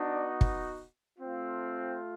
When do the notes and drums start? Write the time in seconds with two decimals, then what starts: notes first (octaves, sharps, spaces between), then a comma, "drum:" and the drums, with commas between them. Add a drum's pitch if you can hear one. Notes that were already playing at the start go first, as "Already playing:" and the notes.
Already playing: B3 D4 D#4 F#4 D5
0.41 drum: kick
1.19 A3 C4 F4